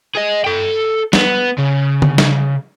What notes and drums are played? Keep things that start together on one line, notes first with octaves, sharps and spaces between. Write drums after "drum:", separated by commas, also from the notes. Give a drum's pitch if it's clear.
G#4 D#5
A4 G5
B3, drum: snare
C#3
drum: tom D3
drum: snare